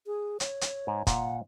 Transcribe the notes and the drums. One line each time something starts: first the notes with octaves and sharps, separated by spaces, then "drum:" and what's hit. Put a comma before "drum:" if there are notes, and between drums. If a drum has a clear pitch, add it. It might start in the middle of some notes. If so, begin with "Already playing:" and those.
G#4
C#5, drum: hi-hat
drum: hi-hat
G#2
A#2 F#5, drum: kick, hi-hat